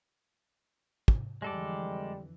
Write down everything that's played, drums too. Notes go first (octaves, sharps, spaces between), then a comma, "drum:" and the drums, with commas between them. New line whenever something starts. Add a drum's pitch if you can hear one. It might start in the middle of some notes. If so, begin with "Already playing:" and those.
drum: kick
F2 D3 E3 G3 G#3 A4 D5